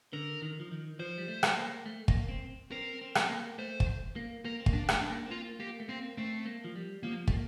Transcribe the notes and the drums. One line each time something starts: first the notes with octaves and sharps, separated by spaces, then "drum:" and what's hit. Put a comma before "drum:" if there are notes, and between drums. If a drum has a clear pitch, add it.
D3 A#4
D#3
F3
D#3
F3 C5
G3
A3
drum: rim click
A#3
A3
A#3, drum: kick
C4
C4 A#4
C4
drum: rim click
A#3
A3 C5
drum: kick
A#3
A#3 A#4
C4
A#3, drum: kick
D4
A3, drum: rim click
D4
A#3
C4
A#3 F4
A#3 G4
A3
A#3 C4
A3 C4
A#3
F3
G3
F3 A#3
A3, drum: kick
A#3